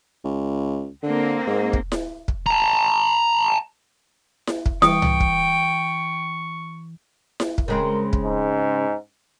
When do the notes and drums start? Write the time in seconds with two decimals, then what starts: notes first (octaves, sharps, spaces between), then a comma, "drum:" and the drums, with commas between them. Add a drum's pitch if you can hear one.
0.24 C#2
1.03 D3 A#3 C4
1.47 G#2
1.73 drum: kick
1.92 drum: snare E4
2.28 drum: kick
2.46 A5 A#5
4.47 drum: snare E4
4.66 drum: kick
4.82 E3 G5 C#6 D#6, drum: snare E4
5.02 drum: tom
5.20 drum: kick
7.40 drum: snare E4
7.58 drum: kick
7.68 C#3 G#3 C4 A#4
8.13 drum: kick
8.24 G#2